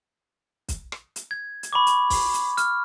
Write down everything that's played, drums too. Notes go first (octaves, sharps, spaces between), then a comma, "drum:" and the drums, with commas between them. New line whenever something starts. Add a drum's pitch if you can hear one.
drum: kick, hi-hat
drum: rim click
drum: hi-hat
G#6
drum: hi-hat
B5 C#6 D6
drum: hi-hat
drum: kick, open hi-hat
drum: hi-hat
F6, drum: hi-hat